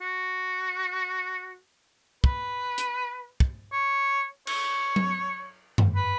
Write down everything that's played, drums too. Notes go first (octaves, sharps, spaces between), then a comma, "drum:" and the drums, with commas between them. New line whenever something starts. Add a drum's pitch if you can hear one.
F#4
B4, drum: kick
drum: hi-hat
drum: kick
C#5
C#5, drum: cymbal
drum: tom F#3
drum: tom F#2
B4